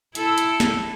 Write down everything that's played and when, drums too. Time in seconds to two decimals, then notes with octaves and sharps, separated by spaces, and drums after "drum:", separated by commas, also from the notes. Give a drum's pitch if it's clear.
0.15 E4 A4, drum: hi-hat
0.38 drum: hi-hat
0.60 drum: snare